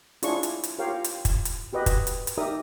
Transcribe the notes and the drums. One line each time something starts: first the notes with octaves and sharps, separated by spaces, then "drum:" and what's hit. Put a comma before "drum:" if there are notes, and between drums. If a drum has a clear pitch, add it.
D4 E4 F4 G#4 C#5 C#6, drum: hi-hat
drum: hi-hat
drum: hi-hat
F4 G4 A#4 C#5 F5 G5
drum: hi-hat
drum: kick, hi-hat
drum: hi-hat
F#4 G4 B4 D#5
drum: kick, hi-hat
drum: hi-hat
drum: hi-hat
D#4 G4 A#4 D5 E5 D#6